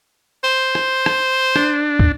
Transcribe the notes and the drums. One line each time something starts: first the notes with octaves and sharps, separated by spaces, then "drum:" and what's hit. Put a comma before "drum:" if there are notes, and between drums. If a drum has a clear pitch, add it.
C5
drum: rim click
drum: rim click
D4, drum: rim click
drum: kick